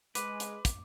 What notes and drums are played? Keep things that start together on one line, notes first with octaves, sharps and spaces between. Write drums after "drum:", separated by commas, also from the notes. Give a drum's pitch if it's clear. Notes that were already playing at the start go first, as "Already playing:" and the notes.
G#3 B4 D6, drum: hi-hat
drum: hi-hat
drum: kick, hi-hat